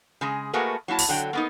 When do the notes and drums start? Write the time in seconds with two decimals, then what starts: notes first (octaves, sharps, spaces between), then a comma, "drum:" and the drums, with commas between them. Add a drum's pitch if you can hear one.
0.21 C#3 G#3 G#4
0.53 A3 A#3 F#4 G#4 A#4 B4
0.88 F#3 A#3 E4 A5
0.99 drum: open hi-hat
1.09 D3 F#3 G5
1.33 A#3 B3 D#4